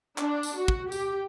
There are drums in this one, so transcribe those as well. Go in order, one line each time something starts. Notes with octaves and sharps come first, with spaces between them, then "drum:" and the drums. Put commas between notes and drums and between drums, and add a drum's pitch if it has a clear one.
D4, drum: clap
drum: tambourine
F#4
drum: kick
G4, drum: tambourine